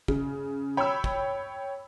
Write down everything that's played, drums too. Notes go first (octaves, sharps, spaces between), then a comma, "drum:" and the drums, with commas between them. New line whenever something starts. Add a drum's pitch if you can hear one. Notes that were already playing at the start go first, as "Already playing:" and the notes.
C#3, drum: kick
C#5 G5 B5 E6
drum: kick